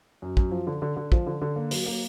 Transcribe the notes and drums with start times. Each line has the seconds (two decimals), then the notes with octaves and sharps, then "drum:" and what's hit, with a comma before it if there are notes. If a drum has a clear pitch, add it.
0.22 F#2
0.37 F#2, drum: kick
0.51 F3
0.67 D3
0.82 D3
0.96 D3
1.12 F3, drum: kick
1.27 D3
1.42 D3
1.56 A#3
1.71 F#3, drum: open hi-hat
1.86 A#3